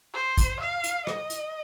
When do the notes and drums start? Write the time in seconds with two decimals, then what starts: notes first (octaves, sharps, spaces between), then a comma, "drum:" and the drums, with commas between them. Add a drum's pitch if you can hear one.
0.14 C5
0.37 drum: kick, hi-hat
0.61 F5
0.84 drum: hi-hat
1.07 D#5, drum: rim click
1.30 drum: hi-hat